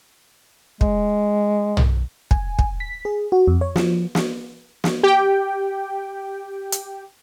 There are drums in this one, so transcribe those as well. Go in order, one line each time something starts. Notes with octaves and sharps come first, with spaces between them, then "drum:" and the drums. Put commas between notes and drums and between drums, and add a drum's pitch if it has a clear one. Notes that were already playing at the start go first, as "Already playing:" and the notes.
G#3, drum: kick
drum: tom
G#5, drum: kick
drum: kick
B6
G#4
F#4
F2
C#5
F3, drum: snare
drum: snare
drum: snare
G4 G5
drum: hi-hat